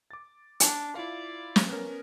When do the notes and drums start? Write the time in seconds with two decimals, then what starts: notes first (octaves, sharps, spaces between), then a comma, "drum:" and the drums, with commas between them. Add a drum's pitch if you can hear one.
0.11 D6 A6
0.60 D4, drum: hi-hat
0.95 E4 F4 D5 F5
1.56 drum: snare
1.69 B3 C#4 A#4